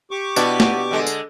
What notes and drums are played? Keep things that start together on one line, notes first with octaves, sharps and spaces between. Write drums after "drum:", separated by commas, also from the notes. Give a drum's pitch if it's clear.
G4 C#6 D6
B2 B3 D4 E4 F#4, drum: tambourine
drum: snare
D3 G#3
drum: tambourine